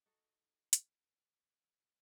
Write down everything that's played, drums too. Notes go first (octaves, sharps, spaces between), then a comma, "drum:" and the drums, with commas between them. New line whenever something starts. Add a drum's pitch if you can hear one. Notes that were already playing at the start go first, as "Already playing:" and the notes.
D#4 F#4 A4
drum: hi-hat